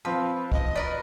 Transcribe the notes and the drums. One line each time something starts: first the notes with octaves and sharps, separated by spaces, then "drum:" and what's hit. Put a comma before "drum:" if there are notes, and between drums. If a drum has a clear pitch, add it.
F3 C4 F4 B4
D#5, drum: kick
F#4 A#4 B4 D5